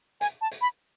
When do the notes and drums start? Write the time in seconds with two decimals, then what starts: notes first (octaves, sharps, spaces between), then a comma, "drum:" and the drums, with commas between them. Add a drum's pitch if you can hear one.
0.21 G#5, drum: hi-hat
0.41 A5
0.51 drum: hi-hat
0.61 B5